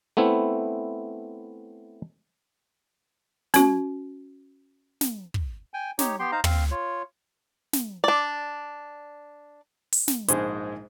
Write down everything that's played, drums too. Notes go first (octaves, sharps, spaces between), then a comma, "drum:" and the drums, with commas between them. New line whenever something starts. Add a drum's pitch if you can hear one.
A3 B3 C4 E4
C#4 F#4, drum: snare
drum: snare
drum: kick
G5 G#5
D#4 G4 C#5, drum: snare
B3 G4 G5 C6
D#4 C5 F5 A#5
C4 F5, drum: tom
F4 C#5
drum: snare
D4 D5
drum: open hi-hat
drum: snare
A#1 G#2 G#3 G#4 C5, drum: hi-hat